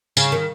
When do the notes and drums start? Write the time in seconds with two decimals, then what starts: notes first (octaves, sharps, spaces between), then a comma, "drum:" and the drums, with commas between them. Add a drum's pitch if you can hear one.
0.17 C#3, drum: tambourine
0.32 D#3